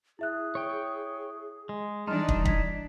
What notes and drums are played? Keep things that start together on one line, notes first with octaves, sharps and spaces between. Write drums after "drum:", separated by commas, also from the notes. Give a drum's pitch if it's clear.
E4 G#4 E5 F#6
C#5 G5
G#3
E3 G3 D4 D#4 D#5 A5 C6 F6
drum: kick
D4 G#6 B6, drum: kick